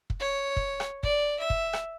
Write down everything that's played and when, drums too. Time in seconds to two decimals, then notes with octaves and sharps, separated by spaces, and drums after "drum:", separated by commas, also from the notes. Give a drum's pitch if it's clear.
0.10 drum: kick
0.20 C#5
0.56 drum: kick
0.80 drum: rim click
1.03 D5, drum: kick
1.39 E5
1.50 drum: kick
1.73 drum: rim click